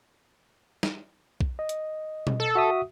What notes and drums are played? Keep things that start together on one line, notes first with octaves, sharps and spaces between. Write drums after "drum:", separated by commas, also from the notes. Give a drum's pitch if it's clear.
drum: snare
drum: kick B1
D#5
drum: hi-hat
drum: tom B2
A4
F#4 E5 D#6